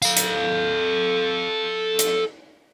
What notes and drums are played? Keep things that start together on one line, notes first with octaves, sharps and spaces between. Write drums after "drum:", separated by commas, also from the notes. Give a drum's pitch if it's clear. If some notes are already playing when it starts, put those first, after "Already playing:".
A4 F5, drum: tambourine
drum: hi-hat
drum: hi-hat